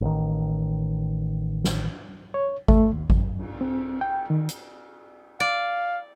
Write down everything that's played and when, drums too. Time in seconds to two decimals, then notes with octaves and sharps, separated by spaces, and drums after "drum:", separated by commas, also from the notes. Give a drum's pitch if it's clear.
0.01 A1 D#3
1.64 drum: snare
2.34 C#5
2.68 A3, drum: kick G#1
2.93 D#2
3.10 F#2, drum: kick G#1
3.39 drum: cymbal
3.61 C4
4.01 G5
4.30 D#3
4.49 drum: hi-hat
5.40 D5 F5